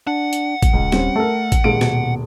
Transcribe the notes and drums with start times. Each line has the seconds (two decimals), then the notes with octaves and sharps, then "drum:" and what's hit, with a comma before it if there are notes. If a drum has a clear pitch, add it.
0.07 D4 F#5
0.33 drum: hi-hat
0.63 drum: kick A1, hi-hat
0.73 D#1 C#2
0.92 G3 C4 C#4, drum: snare
1.16 A3 A4 A#4
1.52 drum: kick A1, hi-hat
1.64 D#1 G#3 A#3 D7
1.81 B2, drum: snare